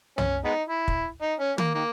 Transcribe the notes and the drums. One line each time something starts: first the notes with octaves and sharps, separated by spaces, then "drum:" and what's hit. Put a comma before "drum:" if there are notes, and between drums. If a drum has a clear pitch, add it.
C#4, drum: tom
G#3 B3 D#4
E4
drum: kick
D#4
C#4
A#3, drum: tom
D#3 A#3